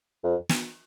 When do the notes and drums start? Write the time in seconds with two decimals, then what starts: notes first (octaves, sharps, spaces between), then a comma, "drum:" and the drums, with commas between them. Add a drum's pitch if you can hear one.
0.24 F2
0.49 drum: snare